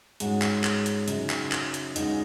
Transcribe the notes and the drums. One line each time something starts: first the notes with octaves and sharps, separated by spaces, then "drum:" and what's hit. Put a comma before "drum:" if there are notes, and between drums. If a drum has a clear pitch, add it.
G#2 G#3 C#4 F#4, drum: hi-hat
drum: clap
drum: clap
drum: hi-hat
F#2 C#3 F#3 D#4, drum: hi-hat
drum: clap
drum: clap
drum: hi-hat
C#2 C#3 G#3 D#4 F#4, drum: hi-hat